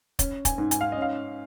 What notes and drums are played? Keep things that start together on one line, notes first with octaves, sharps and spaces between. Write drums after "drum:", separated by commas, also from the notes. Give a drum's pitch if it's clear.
C#4, drum: kick, hi-hat
G#5, drum: kick, hi-hat
G#2
G#5, drum: hi-hat
F5
C#4 D#5
F5